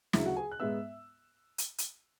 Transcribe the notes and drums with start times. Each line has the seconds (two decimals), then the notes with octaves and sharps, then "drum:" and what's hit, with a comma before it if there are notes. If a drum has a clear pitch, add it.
0.13 D2 C#3 F#3 E4 E5, drum: snare
0.25 F#4 F#5
0.36 G#4 G#5
0.52 F#6
0.60 G#2 G#3 B3 E5 E6
1.58 drum: hi-hat
1.78 drum: hi-hat